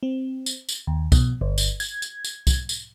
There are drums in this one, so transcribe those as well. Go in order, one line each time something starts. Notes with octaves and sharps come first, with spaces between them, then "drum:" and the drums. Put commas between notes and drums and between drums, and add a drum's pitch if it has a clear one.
C4
drum: tambourine
drum: tambourine
D#2
B2, drum: kick C2, tambourine
G1
drum: tambourine
G#6, drum: tambourine
drum: tambourine
drum: tambourine
drum: kick C2, tambourine
drum: tambourine